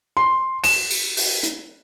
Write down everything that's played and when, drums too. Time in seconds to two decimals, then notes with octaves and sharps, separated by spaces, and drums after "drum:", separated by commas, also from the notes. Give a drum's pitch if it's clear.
0.17 C6
0.64 E7, drum: open hi-hat
0.90 drum: open hi-hat
1.17 drum: open hi-hat
1.44 drum: hi-hat